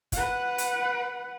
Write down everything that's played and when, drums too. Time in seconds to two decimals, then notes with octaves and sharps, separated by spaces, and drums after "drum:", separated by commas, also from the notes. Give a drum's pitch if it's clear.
0.12 B4 F#5, drum: kick, hi-hat
0.58 drum: hi-hat